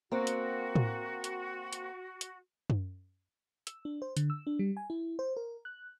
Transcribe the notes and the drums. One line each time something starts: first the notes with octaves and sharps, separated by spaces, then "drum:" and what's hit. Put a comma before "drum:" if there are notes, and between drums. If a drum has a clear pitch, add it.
A#3 C4 F#4
drum: hi-hat
drum: tom A2
drum: hi-hat
drum: hi-hat
drum: hi-hat
drum: tom F#2
E6, drum: hi-hat
D4
C5
D3, drum: hi-hat
E6
D4
G3
G#5
E4
C5
A#4
F#6